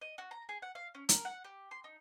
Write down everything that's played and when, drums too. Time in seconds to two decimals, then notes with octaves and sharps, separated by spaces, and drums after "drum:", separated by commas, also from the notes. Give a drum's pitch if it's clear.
0.01 D#5
0.18 F#4
0.31 A#5
0.49 G#4
0.62 F#5
0.75 F5
0.95 C#4
1.09 A#4, drum: hi-hat
1.25 F#5
1.44 G4
1.71 C6
1.84 D#4